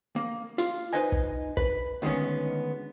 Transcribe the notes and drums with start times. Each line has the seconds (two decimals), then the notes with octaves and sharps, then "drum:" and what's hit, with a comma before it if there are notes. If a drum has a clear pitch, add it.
0.16 A#3
0.58 F4, drum: hi-hat
0.93 D#4 B4 C5 D#5 G#5
1.12 drum: kick
1.57 B4, drum: kick
2.02 D2 D#3 G#3 A#3 B3 C#4